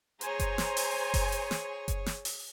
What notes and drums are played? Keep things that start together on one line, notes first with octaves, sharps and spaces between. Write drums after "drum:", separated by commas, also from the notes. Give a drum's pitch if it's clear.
G#4 C5 C#5 G#5 A#5, drum: hi-hat
drum: kick F#1, hi-hat
drum: snare
drum: open hi-hat
drum: kick F#1, open hi-hat
drum: hi-hat
drum: snare
drum: kick F#1, hi-hat
drum: snare
drum: open hi-hat